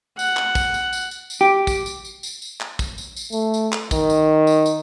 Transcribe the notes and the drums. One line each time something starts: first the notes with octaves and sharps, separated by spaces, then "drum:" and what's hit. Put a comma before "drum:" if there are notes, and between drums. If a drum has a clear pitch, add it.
F#5, drum: tambourine
drum: clap
drum: kick, tambourine
drum: tambourine
drum: tambourine
drum: tambourine
drum: tambourine
G4
drum: kick, tambourine
drum: tambourine
drum: tambourine
drum: tambourine
drum: tambourine
drum: clap
drum: kick, tambourine
drum: tambourine
drum: tambourine
A3, drum: tambourine
drum: tambourine
drum: clap
D#3, drum: kick, tambourine
drum: tambourine
drum: tambourine
drum: tambourine